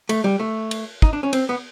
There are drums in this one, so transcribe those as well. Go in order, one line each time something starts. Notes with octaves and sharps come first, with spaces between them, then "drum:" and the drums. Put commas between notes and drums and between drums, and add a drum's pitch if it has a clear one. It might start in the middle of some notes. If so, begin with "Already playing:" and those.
A3, drum: cymbal
G3
A3
drum: cymbal
D#4, drum: kick
D4
C#4
C4, drum: cymbal
B3